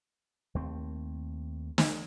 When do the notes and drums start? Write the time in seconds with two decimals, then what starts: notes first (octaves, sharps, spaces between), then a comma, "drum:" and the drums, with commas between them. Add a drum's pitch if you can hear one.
0.55 D#2 A3 C4
1.78 drum: snare